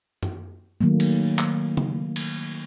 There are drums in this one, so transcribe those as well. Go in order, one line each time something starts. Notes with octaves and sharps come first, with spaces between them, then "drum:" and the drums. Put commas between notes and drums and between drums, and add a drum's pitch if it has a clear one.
drum: tom F#2
D#3 F#3 A3 A#3
drum: cymbal
drum: clap
drum: tom C#3
drum: cymbal